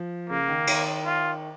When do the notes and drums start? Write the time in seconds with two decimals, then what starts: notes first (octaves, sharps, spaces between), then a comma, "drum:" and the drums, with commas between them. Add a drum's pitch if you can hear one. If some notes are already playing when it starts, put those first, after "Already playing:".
Already playing: F3
0.30 C#3 A#3
0.48 D#3
0.67 D#3, drum: cymbal
1.05 F4